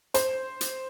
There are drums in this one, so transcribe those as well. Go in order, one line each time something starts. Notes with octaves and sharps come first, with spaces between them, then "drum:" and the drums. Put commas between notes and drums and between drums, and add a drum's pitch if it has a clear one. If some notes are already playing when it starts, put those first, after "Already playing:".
C5, drum: hi-hat
drum: hi-hat